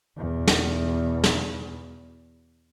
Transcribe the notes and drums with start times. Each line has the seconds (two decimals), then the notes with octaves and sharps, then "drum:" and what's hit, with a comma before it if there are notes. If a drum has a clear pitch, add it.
0.17 E2 B2
0.47 drum: snare
1.24 drum: snare